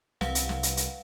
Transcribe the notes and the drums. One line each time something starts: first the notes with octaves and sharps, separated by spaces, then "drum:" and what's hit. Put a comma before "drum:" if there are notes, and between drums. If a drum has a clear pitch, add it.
C2 B4 F5 F#5, drum: snare
drum: hi-hat
drum: snare
drum: hi-hat
drum: hi-hat